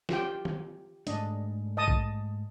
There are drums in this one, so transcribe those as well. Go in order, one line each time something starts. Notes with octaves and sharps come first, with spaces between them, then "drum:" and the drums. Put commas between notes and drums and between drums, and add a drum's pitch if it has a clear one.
F4 G4 G5, drum: snare
drum: tom
G#2 A3 D4 D#5, drum: hi-hat
D#5 A5 D#6
drum: kick